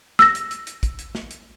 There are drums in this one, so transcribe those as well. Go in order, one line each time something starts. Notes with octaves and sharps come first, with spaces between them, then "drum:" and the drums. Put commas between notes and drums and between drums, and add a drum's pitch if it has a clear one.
E6 A#6, drum: snare
drum: hi-hat
drum: hi-hat
drum: hi-hat
drum: kick, hi-hat
drum: hi-hat
drum: snare
drum: hi-hat